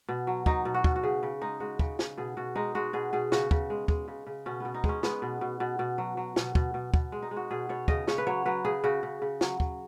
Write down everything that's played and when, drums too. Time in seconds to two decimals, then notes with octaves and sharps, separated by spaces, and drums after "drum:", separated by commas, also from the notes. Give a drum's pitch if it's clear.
0.09 B2
0.27 F#3
0.46 F#3 D#4, drum: kick
0.65 B2
0.74 F#4
0.84 B2, drum: kick
0.96 F#4
1.03 C#3 G#4
1.23 C#3
1.41 G#3 D#4
1.60 G#3 F#4
1.79 C#3, drum: kick
1.99 C#3, drum: snare
2.18 B2 G#4
2.37 B2 F#4
2.56 G#3 D#4
2.75 G#3 F#4
2.93 B2 G#4
3.13 B2 G#4
3.32 C#3 F#4, drum: snare
3.51 C#3, drum: kick
3.70 G#3
3.88 G#3, drum: kick
4.08 C#3
4.27 C#3
4.46 B2 C#4
4.60 B2 B3
4.74 D#4
4.84 G#3, drum: kick
4.89 C#4
5.03 G#3 B3, drum: snare
5.22 B2
5.41 B2
5.60 B2
5.79 B2
5.98 F#3
6.17 F#3
6.36 B2, drum: snare
6.55 B2, drum: kick
6.74 B2
6.94 B2, drum: kick
7.12 G#3
7.22 D#4
7.31 G#3
7.37 F#4
7.51 B2 G#4
7.69 B2 C#5
7.88 C#3 D#5, drum: kick
8.08 C#3 C#5, drum: snare
8.18 B4
8.27 F#3 C#5
8.45 F#3 B4
8.65 C#3 G#4
8.84 C#3 F#4
9.03 C#3
9.22 C#3
9.41 F#3, drum: snare
9.60 F#3, drum: kick